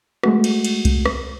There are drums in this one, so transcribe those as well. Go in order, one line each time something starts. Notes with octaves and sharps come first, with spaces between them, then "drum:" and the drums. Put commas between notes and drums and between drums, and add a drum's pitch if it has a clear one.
G#3 A3 F#4, drum: rim click
drum: cymbal
drum: cymbal
drum: kick C2, cymbal
drum: rim click